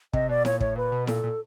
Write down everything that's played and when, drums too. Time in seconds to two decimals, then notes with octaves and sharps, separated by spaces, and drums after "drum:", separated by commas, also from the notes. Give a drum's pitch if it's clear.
0.13 C3 D#5, drum: kick
0.29 B2 D5
0.45 A#2 C#5, drum: snare E4
0.60 A2 C#5, drum: kick
0.76 A#2 B4
0.92 B2
1.07 A#2 A4, drum: snare E4
1.23 A#2